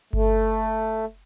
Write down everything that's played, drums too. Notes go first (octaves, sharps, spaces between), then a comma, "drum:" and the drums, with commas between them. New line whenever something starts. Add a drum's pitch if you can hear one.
A3, drum: kick G1